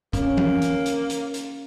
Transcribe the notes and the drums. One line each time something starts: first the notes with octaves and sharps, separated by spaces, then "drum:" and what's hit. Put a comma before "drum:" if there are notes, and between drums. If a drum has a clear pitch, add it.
A#3 C#4, drum: kick, hi-hat
drum: tom E3
drum: hi-hat
drum: hi-hat
drum: hi-hat
drum: hi-hat